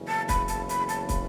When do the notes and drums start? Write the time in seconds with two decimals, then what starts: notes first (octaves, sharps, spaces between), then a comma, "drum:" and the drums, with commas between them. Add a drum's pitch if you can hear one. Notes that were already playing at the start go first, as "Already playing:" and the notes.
Already playing: F#1 E2 C#3
0.08 A5
0.29 B5, drum: kick, hi-hat
0.48 A5, drum: hi-hat
0.69 B5, drum: hi-hat
0.89 A5, drum: hi-hat
1.09 B5, drum: kick, hi-hat